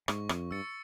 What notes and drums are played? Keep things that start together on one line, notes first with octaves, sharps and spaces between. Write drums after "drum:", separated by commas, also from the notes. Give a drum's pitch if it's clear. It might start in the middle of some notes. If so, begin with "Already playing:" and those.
G#2 C#6, drum: rim click
F2, drum: rim click
G2 E6 A6 C#7